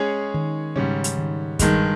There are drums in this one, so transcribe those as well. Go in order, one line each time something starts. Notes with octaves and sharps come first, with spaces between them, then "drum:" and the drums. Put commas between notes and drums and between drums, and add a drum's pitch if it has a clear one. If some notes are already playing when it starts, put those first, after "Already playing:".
Already playing: G#3 C#4 G#4 C#5
D#3
G#2 C#3 G3 C#4
drum: hi-hat
D#3
G2 D#3 G3 G#3, drum: kick, hi-hat